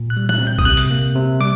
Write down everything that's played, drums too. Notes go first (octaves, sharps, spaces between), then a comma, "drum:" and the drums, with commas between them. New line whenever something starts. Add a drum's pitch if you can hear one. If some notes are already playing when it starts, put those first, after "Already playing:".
Already playing: A#2
F#6
G3
F#6, drum: tom
C4
G6
D#6, drum: kick A#1
C3 F#6
drum: hi-hat
A#3
C3
G3 D6